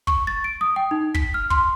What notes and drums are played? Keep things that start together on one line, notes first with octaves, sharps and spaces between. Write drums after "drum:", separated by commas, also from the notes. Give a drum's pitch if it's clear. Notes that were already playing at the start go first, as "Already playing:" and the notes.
C#6, drum: kick
A6
D7
D#6
G5
D#4
B6, drum: kick
F6
C6, drum: kick